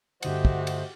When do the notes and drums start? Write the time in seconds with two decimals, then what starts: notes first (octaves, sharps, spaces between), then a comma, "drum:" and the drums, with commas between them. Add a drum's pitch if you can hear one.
0.23 G2 D3 A3 F#4 G4 C5 D#5 F#5, drum: cymbal
0.45 drum: kick
0.67 drum: cymbal